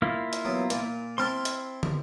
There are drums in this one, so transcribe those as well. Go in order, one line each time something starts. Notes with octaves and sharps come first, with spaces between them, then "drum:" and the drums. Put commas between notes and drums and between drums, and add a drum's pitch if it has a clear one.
A#3 E4 F4
drum: hi-hat
F#3 B3
A#2, drum: hi-hat
C4 E4 A5 C6 F6
drum: hi-hat
drum: tom